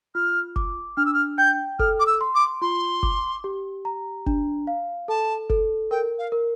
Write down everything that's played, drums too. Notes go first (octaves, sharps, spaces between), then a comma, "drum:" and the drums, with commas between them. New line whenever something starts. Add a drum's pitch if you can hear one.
F4 F6
D6, drum: kick F#1
D4 F6
E6
F6
G5 G6
A4 F6, drum: kick F#1
D6
E6
C6
D6
F4 C6
D6, drum: kick F#1
G4
A#5
D4, drum: kick F#1
F5
A4 A5
A4, drum: kick F#1
A#4 G5
F5
A#4